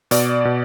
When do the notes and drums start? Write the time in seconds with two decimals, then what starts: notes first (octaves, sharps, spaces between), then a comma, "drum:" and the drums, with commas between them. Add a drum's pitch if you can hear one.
0.11 B2 D5, drum: hi-hat
0.45 B2